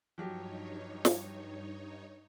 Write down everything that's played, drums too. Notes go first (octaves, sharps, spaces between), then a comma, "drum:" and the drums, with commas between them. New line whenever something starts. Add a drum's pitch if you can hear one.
G2 F3 F#3 D#4 G4 C#5
drum: snare